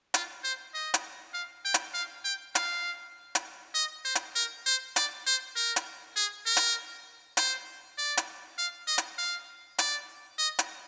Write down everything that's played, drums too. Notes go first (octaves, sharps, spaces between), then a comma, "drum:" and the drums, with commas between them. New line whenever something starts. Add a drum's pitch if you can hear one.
F4, drum: hi-hat
C5
D#5
drum: hi-hat
F5
G5
drum: hi-hat
F5
G5
F5, drum: hi-hat
drum: hi-hat
D#5
C5
drum: hi-hat
A#4
C5
D5, drum: hi-hat
C5
A#4
drum: hi-hat
G#4
A#4
drum: hi-hat
C5, drum: hi-hat
D5
drum: hi-hat
F5
D#5
drum: hi-hat
F5
D5, drum: hi-hat
D#5
drum: hi-hat